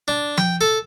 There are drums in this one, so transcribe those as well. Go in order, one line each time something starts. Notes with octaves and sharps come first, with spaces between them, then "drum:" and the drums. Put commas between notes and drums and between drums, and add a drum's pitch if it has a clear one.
D4
G5, drum: tom F3
A4